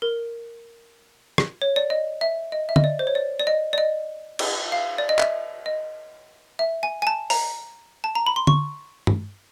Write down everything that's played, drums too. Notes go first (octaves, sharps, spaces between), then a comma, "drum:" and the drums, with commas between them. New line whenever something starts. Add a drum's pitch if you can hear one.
A#4
drum: rim click
C#5
D5
D#5
E5
D#5
E5
D#5, drum: tom
D5
C5
C#5
D5
D5
D#5
D5
D#5
drum: cymbal
F5
D5
D#5
E5, drum: clap
D#5
E5
G#5
G#5
A5
A#5, drum: open hi-hat
A5
A#5
B5
C6
C#6, drum: tom
drum: tom G2